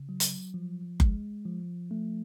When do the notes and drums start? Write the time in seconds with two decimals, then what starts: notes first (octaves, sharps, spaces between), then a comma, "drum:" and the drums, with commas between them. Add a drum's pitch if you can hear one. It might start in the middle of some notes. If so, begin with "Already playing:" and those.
Already playing: C#3
0.09 F#3
0.20 drum: hi-hat
0.54 F3
1.00 G#3, drum: kick F#1
1.45 F3
1.91 A3